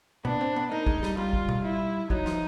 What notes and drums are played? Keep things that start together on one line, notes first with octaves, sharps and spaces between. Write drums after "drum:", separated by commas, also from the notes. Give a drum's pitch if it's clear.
B3 D4, drum: tom B2
C4
B3
A#3 D#4
G#3, drum: kick
G3, drum: snare
G3 F4
drum: kick
drum: tom B2
E4
F#3 D#4, drum: kick
F3, drum: snare